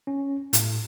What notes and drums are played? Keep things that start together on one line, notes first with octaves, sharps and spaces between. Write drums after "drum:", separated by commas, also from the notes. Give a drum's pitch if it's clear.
C#4
A2, drum: hi-hat